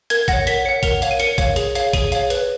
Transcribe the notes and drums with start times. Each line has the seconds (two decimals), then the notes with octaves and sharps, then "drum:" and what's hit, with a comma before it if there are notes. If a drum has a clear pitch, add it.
0.10 A#4 G#6, drum: hi-hat
0.28 C#5 F#5 A#6, drum: kick A#1, hi-hat
0.47 A#4 B6, drum: hi-hat
0.65 C#5 F#5 C#7
0.83 A#4 F7, drum: kick A#1, hi-hat
1.02 C#5 F5, drum: hi-hat
1.11 D#7
1.20 A#4 C#7, drum: hi-hat
1.38 C#5 F5, drum: kick A#1, hi-hat
1.56 G#4, drum: hi-hat
1.75 C#5 F5, drum: hi-hat
1.93 G#4 D#7, drum: kick A#1, hi-hat
2.12 C#5 F5, drum: hi-hat
2.30 B4, drum: hi-hat